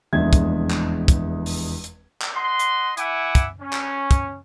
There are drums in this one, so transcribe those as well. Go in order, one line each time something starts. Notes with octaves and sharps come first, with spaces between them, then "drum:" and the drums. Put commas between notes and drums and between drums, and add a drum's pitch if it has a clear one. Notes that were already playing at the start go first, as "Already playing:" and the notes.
F1 E2 G#3 D4 E5 G#6
drum: kick, hi-hat
drum: clap
drum: kick, hi-hat
drum: open hi-hat
drum: hi-hat
drum: clap
D#5 F#5 C6
drum: hi-hat
E4 E5 F#5 G#5 D6, drum: hi-hat
drum: kick, hi-hat
C#4
drum: clap
drum: kick, hi-hat